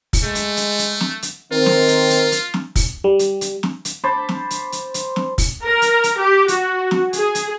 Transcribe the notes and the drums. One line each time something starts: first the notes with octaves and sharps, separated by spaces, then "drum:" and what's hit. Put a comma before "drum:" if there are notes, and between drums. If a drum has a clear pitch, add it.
drum: kick, open hi-hat
G#3 A3
drum: hi-hat
drum: hi-hat
drum: hi-hat
drum: snare
drum: hi-hat
D#3 C4 F4 A#4
drum: snare
drum: hi-hat
drum: hi-hat
drum: hi-hat
drum: snare
drum: kick, open hi-hat
G3
drum: hi-hat
drum: hi-hat
drum: snare
drum: hi-hat
C5 A5 B5 D6
drum: snare
drum: hi-hat
drum: hi-hat
drum: hi-hat
drum: snare
drum: kick, open hi-hat
A#4
drum: hi-hat
drum: hi-hat
G4
F#4, drum: hi-hat
drum: snare
G#4, drum: hi-hat
drum: hi-hat